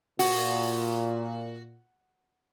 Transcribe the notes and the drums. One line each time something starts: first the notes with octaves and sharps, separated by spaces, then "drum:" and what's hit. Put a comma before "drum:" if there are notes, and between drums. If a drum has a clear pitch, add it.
A#2 F#4, drum: open hi-hat